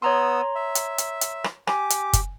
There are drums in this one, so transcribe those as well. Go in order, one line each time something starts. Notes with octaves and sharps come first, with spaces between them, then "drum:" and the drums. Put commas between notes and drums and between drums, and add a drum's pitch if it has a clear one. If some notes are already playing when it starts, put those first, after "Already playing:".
B3 C#5 A#5 C6 D#6 E6
E5
drum: hi-hat
drum: hi-hat
drum: hi-hat
drum: rim click
G4 G#5 D6, drum: rim click
drum: hi-hat
drum: kick, hi-hat